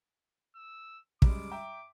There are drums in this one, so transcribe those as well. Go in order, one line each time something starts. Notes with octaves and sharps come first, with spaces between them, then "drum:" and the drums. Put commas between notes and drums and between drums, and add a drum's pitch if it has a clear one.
E6
F#2 G3 G#3 D6, drum: kick
E5 G5 A#5